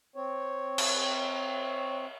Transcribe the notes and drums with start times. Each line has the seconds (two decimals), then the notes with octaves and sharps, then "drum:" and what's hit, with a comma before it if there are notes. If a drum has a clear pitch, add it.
0.16 C4 C#5
0.78 drum: cymbal